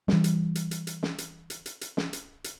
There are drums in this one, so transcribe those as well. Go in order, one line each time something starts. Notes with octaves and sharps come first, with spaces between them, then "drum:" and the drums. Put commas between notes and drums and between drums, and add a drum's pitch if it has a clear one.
E3 G3, drum: snare
drum: hi-hat
drum: hi-hat
drum: hi-hat
drum: hi-hat
drum: snare
drum: hi-hat
drum: hi-hat
drum: hi-hat
drum: hi-hat
drum: snare
drum: hi-hat
drum: hi-hat